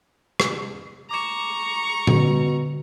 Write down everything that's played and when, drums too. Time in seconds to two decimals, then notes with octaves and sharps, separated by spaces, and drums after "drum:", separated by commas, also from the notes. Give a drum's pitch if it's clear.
0.40 drum: rim click
1.11 A#5 C#6 D6 E7
2.07 B2 D3, drum: tom A#2